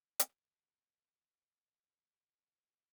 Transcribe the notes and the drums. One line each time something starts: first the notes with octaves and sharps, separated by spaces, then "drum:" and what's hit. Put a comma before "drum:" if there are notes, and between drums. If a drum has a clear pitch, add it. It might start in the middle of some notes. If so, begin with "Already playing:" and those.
D2 G2 C3, drum: hi-hat